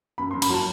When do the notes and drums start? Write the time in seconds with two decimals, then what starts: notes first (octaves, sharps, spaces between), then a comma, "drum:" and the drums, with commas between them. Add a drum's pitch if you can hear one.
0.18 F#2 B5
0.31 C6
0.34 F#2
0.42 B5, drum: cymbal
0.50 F#3 A5